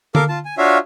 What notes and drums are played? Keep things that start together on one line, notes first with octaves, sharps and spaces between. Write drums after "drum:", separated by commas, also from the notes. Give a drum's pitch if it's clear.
A4 A#4 F5 D6, drum: tom D3
F4 A5
G#5
D4 F4 F#4 C#5 E5 F5